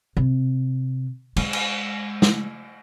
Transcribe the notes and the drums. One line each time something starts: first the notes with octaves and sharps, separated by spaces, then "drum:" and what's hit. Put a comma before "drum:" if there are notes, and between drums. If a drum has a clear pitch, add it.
C3
G#3, drum: cymbal
drum: cymbal
drum: snare